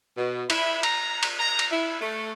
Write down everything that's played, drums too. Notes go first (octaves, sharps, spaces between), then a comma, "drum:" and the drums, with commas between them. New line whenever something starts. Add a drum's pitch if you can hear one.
B2
E4, drum: cymbal
A#5, drum: cymbal
drum: cymbal
A#5
drum: cymbal
E4
A3